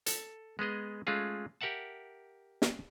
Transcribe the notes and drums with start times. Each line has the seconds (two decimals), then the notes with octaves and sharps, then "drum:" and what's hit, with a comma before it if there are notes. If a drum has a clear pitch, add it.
0.06 A4, drum: hi-hat
0.59 G#3 B3 G#4 D#5
1.07 G#3 A3 C#4 F4 G#4
1.61 G4 A#4 E5 F#5 A5
2.62 drum: snare